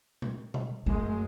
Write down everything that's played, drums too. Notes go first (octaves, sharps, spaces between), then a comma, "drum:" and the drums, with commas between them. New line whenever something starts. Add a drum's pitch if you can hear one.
drum: tom A#2
drum: tom B2
F#2 G#3 A3